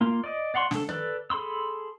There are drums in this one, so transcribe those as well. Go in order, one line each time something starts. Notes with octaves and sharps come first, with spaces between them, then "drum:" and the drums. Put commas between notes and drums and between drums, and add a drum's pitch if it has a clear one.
A#3 F4
D5 D#5
D5 F5 F#5 C6 C#6
D4 A4, drum: snare
A4 B4 D5, drum: tom
G#4 A4 B5 C6 E6